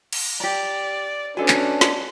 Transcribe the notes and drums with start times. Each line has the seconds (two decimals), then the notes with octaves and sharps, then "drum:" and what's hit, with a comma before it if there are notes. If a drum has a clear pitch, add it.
0.13 drum: cymbal
0.40 G4 D5 A#5
1.37 C#4 D4 F#4 A4 B4 D5 D#5 G#5
1.48 drum: clap
1.81 drum: snare